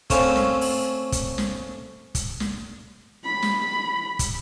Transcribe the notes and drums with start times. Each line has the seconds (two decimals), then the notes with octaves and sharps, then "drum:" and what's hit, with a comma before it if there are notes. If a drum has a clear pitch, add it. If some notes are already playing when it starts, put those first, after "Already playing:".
0.10 A3 A#3 C4 C#4, drum: kick, hi-hat
0.36 drum: snare
0.61 drum: open hi-hat
1.12 drum: kick, hi-hat
1.38 drum: snare
2.15 drum: kick, hi-hat
2.40 drum: snare
3.25 B5
3.42 drum: snare
4.19 drum: kick, hi-hat